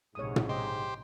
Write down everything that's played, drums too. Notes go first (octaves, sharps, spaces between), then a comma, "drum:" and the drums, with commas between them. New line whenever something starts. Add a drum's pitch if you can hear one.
A#1 G#2 C3 C#5 D#6
drum: tom
G4 C5 D#5 G5